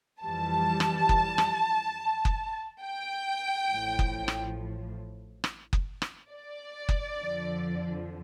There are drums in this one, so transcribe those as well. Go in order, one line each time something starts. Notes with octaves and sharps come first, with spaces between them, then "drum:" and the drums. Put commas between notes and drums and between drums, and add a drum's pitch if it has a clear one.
F2 E3 G3 A5
drum: rim click
drum: kick F#1
drum: rim click
drum: kick F#1
G5
A1 A2 F3
drum: kick F#1
drum: rim click
drum: rim click
drum: kick F#1
drum: rim click
D5
drum: kick F#1
F2 D3 F3